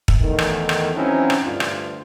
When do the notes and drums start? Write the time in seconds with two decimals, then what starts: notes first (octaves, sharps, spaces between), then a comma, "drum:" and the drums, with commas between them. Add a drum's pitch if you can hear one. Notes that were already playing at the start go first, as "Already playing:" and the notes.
0.08 drum: kick
0.21 E2 D#3 A3
0.39 drum: rim click
0.69 drum: rim click
0.95 E3 F#3 C4 C#4 D#4 E4
1.30 drum: rim click
1.45 D2 G2 F4
1.60 drum: rim click